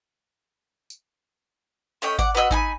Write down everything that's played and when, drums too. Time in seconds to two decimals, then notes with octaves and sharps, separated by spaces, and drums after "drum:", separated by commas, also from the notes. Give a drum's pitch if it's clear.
0.90 drum: tambourine
2.02 A3 C#4 D#5 G5, drum: open hi-hat
2.19 D5 F#5, drum: kick G#1
2.35 B3 F#4 D#5 E6
2.51 D#4 G#5 B5, drum: kick G#1